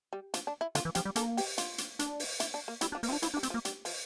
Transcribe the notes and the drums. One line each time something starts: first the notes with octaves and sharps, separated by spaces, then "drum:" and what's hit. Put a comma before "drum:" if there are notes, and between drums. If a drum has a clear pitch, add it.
G3
F3, drum: hi-hat
D4
E4
D3 F4, drum: hi-hat
E3
F3 G4, drum: hi-hat
G3
A#3 A4, drum: hi-hat
G4, drum: open hi-hat
F4, drum: hi-hat
drum: hi-hat
D4, drum: hi-hat
drum: open hi-hat
E4, drum: hi-hat
D4
A#3
G3 E4, drum: hi-hat
D4
F3
A#3, drum: open hi-hat
F3 C4
D4
F3 E4, drum: hi-hat
D4
G3
C4, drum: hi-hat
F3
A#3
G3, drum: hi-hat
F3, drum: open hi-hat